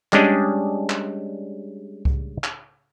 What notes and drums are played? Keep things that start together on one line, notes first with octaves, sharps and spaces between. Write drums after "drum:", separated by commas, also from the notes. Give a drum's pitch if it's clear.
G3 G#3 C#4 D4 G#4 D#5, drum: clap
drum: clap
drum: kick C2
drum: clap